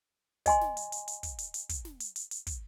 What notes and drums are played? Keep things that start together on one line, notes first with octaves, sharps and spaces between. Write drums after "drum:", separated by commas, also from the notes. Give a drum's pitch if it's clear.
D#5 G#5 C6, drum: kick, hi-hat
drum: snare
drum: hi-hat
drum: hi-hat
drum: hi-hat
drum: kick, hi-hat
drum: hi-hat
drum: hi-hat
drum: kick, hi-hat
drum: snare
drum: hi-hat
drum: hi-hat
drum: hi-hat
drum: kick, hi-hat